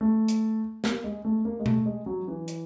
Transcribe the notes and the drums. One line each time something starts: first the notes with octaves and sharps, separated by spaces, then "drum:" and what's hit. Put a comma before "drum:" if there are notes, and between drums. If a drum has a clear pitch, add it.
A3
drum: hi-hat
A#3, drum: snare
G#3
A3
A#3
G#3
A3, drum: tom B2
G#3
F#3
E3
drum: hi-hat